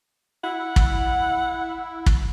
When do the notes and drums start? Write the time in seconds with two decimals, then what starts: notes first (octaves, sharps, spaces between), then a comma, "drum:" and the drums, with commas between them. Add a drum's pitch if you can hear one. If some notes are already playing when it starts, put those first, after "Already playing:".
0.44 E4 F#5
0.76 drum: kick
2.06 drum: kick